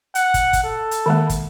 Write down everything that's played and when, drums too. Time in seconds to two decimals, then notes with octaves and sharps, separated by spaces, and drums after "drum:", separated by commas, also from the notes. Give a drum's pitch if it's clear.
0.15 F#5, drum: hi-hat
0.34 drum: kick, hi-hat
0.53 drum: kick, hi-hat
0.63 A4
0.91 drum: hi-hat
1.06 D#3 G#3 A#3
1.30 drum: kick, hi-hat